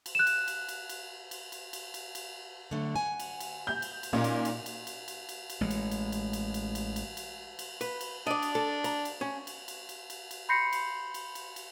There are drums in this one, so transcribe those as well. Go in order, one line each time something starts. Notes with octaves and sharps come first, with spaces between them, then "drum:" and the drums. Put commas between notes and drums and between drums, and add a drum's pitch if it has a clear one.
drum: cymbal
F#6 E7
drum: cymbal
drum: cymbal
drum: cymbal
drum: cymbal
drum: cymbal
drum: cymbal
drum: cymbal
drum: cymbal
drum: cymbal
D3 F#3 A3
F#5 G#5
drum: cymbal
drum: cymbal
G6
drum: cymbal
drum: cymbal
A#2 C#4 D#4 A#4
drum: cymbal
drum: cymbal
drum: cymbal
drum: cymbal
drum: cymbal
drum: cymbal
drum: cymbal
A1 G#3
drum: cymbal
drum: cymbal
drum: cymbal
drum: cymbal
drum: cymbal
drum: cymbal
drum: cymbal
drum: cymbal
drum: cymbal
B4, drum: cymbal
drum: cymbal
D4 D5 D#5
drum: cymbal
A4
A#5, drum: cymbal
drum: cymbal
C#4
drum: cymbal
drum: cymbal
drum: cymbal
drum: cymbal
drum: cymbal
B5 C6 G6 A#6 C7 C#7
drum: cymbal
drum: cymbal
drum: cymbal
drum: cymbal